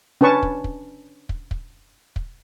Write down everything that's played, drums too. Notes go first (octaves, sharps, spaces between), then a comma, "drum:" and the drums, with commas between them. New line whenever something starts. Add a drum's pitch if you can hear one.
C#4 D4 B4 A5 C#6
drum: kick
drum: kick
drum: kick
drum: kick
drum: kick